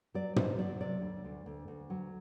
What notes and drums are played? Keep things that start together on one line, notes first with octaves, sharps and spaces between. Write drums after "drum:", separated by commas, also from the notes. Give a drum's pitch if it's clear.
F#3 D5
F#3 C5, drum: tom
F#3 D5
C3 D5
D2
D2
D2
D2
F#3